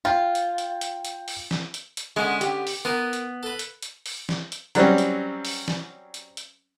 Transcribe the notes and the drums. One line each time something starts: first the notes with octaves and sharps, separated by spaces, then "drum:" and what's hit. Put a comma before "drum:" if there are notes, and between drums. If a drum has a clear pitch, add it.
F4 G5
drum: hi-hat
drum: hi-hat
drum: hi-hat
drum: hi-hat
drum: open hi-hat
drum: snare
drum: hi-hat
drum: hi-hat
D3 G#3 B3 C#4
G4, drum: hi-hat
drum: open hi-hat
B3 D#4 A#4
drum: hi-hat
A4 B4
drum: hi-hat
drum: hi-hat
drum: open hi-hat
drum: snare
drum: hi-hat
F#3 G3 C4 C#4, drum: hi-hat
drum: hi-hat
drum: open hi-hat
drum: snare
drum: hi-hat
drum: hi-hat